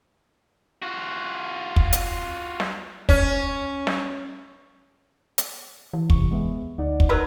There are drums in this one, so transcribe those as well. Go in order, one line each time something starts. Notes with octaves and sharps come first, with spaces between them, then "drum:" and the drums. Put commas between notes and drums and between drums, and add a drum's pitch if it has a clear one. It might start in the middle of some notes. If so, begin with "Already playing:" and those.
F4 F#4
drum: kick
drum: hi-hat
drum: snare
C#4, drum: kick
drum: snare
drum: hi-hat
E3
C3 C#6, drum: kick
G#3 B3 E5
D2 D#4 D5 F#5
drum: kick
F#3 A#4 B4